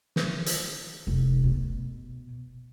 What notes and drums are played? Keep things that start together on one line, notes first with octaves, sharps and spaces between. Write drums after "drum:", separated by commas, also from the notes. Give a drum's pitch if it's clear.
drum: snare
drum: hi-hat
F1
B2